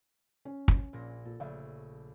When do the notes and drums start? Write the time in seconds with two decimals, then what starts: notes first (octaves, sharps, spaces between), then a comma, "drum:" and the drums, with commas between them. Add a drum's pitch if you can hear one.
0.45 C#4
0.68 drum: kick
0.93 A#1 A#2 A#6
1.25 A#2 A4
1.40 A#1 C#3 A3 E5